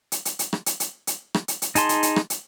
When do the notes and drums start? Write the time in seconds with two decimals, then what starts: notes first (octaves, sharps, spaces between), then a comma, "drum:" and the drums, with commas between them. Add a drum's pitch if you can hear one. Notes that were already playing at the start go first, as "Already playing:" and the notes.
0.12 drum: hi-hat
0.25 drum: hi-hat
0.39 drum: hi-hat
0.53 drum: rim click
0.66 drum: hi-hat
0.80 drum: hi-hat
1.07 drum: hi-hat
1.34 drum: rim click
1.48 drum: hi-hat
1.62 drum: hi-hat
1.75 D#4 G#4 A5 C6, drum: hi-hat
1.89 drum: hi-hat
2.03 drum: hi-hat
2.16 drum: rim click
2.30 drum: hi-hat